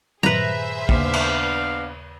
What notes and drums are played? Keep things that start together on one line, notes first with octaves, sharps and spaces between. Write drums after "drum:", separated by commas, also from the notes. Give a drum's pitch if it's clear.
G2 A#2 D#3 G#4 B4 C5 E5 A#5, drum: tom F#3
D#2 C#3 A#3 B3 D4 F5, drum: kick
drum: cymbal